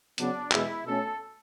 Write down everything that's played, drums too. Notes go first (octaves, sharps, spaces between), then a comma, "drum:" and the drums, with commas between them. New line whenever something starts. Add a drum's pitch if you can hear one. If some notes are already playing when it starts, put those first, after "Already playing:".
C#3 F#3 B3 D4, drum: hi-hat
E2 B2 G#3 E4, drum: clap
B2 A3 C#4 A4